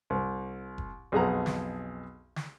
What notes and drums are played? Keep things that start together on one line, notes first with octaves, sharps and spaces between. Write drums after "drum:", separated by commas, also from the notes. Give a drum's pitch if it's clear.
C2
drum: kick F1
B1 F2 G#4 F#5 A#5
drum: snare
drum: snare